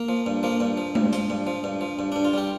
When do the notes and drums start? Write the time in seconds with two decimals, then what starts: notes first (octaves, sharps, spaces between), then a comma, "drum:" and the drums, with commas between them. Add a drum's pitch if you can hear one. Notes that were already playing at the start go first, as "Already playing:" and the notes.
Already playing: A#3
0.09 F3
0.26 G2
0.43 F3 A#3
0.60 G2
0.77 F3
0.95 G2, drum: tom G#3
1.13 F3, drum: hi-hat
1.30 G2
1.47 F3
1.64 G2
1.81 F3
1.99 G2
2.12 G2 D4
2.25 F4
2.33 G3 G4